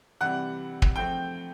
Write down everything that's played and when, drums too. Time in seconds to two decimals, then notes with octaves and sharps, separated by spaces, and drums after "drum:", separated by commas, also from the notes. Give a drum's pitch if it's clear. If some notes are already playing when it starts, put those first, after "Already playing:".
0.21 C3 E3 G3 F#5 F#6
0.82 drum: kick
0.96 F3 A3 C4 G5 G6